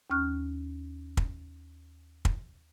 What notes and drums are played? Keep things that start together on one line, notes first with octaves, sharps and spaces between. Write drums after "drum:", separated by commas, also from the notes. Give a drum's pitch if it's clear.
D#2 C#4 C#6 F6 F#6
drum: kick
drum: kick